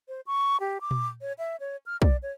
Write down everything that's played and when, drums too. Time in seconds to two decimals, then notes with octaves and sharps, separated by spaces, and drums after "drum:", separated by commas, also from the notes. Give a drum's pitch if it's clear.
0.08 C5
0.27 C#6
0.60 G4
0.81 D6
0.91 drum: tom A#2
1.21 C#5
1.38 E5
1.60 C#5
1.86 F6
2.02 D5, drum: kick
2.23 C#5